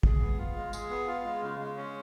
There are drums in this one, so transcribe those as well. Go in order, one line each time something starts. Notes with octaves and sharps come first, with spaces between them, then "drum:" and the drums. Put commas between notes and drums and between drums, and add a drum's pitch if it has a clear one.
G#4, drum: kick
B3
F4
G#3
G#4, drum: tambourine
B3
F4
G#3
C#3
G#3
C#4